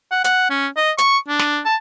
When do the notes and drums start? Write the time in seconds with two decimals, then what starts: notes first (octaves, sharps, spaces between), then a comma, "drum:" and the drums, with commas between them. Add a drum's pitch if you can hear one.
0.11 F#5
0.24 F#5, drum: hi-hat
0.50 C#4
0.77 D#5
0.98 C#6, drum: hi-hat
1.29 D4
1.39 drum: snare
1.66 A5